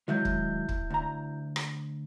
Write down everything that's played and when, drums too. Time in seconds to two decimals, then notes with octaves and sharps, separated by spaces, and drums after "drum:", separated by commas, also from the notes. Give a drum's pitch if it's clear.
0.08 D#3 F#3 G#3 E4 E5 G6
0.25 drum: kick
0.69 drum: kick
0.90 D2 A#5
1.56 drum: rim click